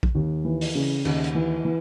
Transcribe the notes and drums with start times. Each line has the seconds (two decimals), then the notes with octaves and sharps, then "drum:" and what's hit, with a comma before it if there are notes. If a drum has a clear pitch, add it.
0.03 drum: kick A#1
0.15 D#2
0.45 E3
0.61 drum: open hi-hat
0.75 C#3
1.05 D#2, drum: cymbal
1.24 drum: hi-hat
1.35 E3
1.65 E3